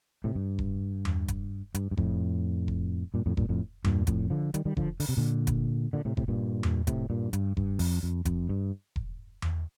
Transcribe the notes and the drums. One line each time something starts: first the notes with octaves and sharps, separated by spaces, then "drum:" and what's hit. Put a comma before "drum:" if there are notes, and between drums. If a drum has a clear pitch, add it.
A2 C3
G2
drum: kick E1
drum: tom E2
drum: kick E1, hi-hat
G2, drum: hi-hat
G2
F2 A2, drum: kick E1
drum: kick E1
G2 A#2
F2 A2
G2 A#2, drum: kick E1
F2 A2
G2 A#2, drum: tom E2
F2 A2, drum: kick E1, hi-hat
D3 F3
D#3 G3, drum: hi-hat
D#3 G3
D3 F3, drum: kick E1
D3, drum: open hi-hat
C3
A#2 D3
drum: kick E1, hi-hat
A#2 D3
A2 C3
A2 C3, drum: kick E1
G2 A#2
drum: tom E2
A2 C3, drum: kick E1, hi-hat
G2 A#2
G2, drum: hi-hat
G2, drum: kick E1
F2, drum: open hi-hat
F2
F2, drum: kick E1, hi-hat
G2
drum: kick E1
drum: tom E2